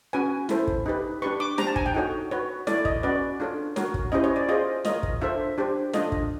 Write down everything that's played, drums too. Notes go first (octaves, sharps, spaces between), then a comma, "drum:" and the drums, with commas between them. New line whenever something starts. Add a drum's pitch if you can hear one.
C#4 F#4 B4 G#5
E4 A4 C5, drum: snare
drum: kick
D#4 G4 B4
D4 G4 B4 C#6
D6
D4 G4 C5 A#5, drum: snare
A5
G#5, drum: kick
G5
D#4 F#4 A4 C#5
F#4 B4 C#5
E4 A4 C#5 D5, drum: snare
D#5, drum: kick
C#4 F#4 B4 D5
D4 F4 A4 C#5
F#4 A#4 C#5, drum: snare
drum: kick
C#4 E4 G4 C5 D#5
C#5
D5
F4 G#4 C5 D#5
F4 A#4 C#5 D#5, drum: snare
drum: kick
D4 F4 A4 C5 E5
D4 G4 C5
D4 F4 A4 D#5, drum: snare
drum: kick